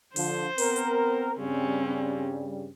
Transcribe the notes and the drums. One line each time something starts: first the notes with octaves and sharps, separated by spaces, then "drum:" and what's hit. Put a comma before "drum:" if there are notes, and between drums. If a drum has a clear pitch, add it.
D3 F3 C5, drum: open hi-hat
B3 C4 A#4, drum: open hi-hat
drum: hi-hat
G2 C#3 G3 C4 C#4